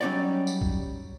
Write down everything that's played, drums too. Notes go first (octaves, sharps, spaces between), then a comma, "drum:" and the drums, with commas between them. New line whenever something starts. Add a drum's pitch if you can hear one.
F#3 G3 C#4 D#4 C#5 D5
drum: tambourine
drum: kick B1